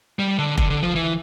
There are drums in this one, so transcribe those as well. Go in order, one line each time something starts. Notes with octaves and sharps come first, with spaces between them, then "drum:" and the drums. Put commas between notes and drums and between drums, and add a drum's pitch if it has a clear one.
G3
D3
D3, drum: kick F1
D3
F3
E3